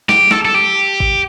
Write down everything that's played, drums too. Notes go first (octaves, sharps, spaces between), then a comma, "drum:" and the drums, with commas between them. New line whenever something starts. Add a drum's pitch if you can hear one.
G4, drum: snare
A4, drum: snare
A4
G4
drum: kick G#1